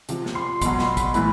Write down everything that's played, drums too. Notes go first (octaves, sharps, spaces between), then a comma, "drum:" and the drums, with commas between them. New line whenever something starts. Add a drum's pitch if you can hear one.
C3 F3, drum: hi-hat
drum: snare
C6
B2 F#3 C6, drum: kick, hi-hat
B5, drum: snare
B5, drum: kick, hi-hat
A2 E3 B5, drum: hi-hat